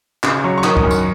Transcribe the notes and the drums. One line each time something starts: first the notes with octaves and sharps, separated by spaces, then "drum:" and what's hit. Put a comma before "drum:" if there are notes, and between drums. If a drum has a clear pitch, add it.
C#3 B5, drum: clap
F#3 C#6
C#6
D#3 D#6, drum: clap
D#6, drum: kick
F#2
C#6, drum: tambourine